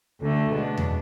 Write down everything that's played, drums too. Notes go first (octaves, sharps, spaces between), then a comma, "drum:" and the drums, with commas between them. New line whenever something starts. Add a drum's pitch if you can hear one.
D2 D3 A3
B2 G#3 B3 D4
drum: tom E2